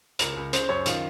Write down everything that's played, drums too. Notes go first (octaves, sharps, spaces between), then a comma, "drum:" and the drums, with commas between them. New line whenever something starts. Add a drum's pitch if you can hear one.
C#2 A#4, drum: hi-hat
C#2
C#3 C5, drum: hi-hat
F#2 C#5
D#3 F4, drum: hi-hat